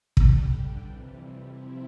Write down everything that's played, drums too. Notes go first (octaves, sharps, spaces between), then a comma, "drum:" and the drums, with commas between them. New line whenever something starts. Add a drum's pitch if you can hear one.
D3 G3 D4 G4, drum: kick
F2 C3 E3 G3
C3 F3 C4 E4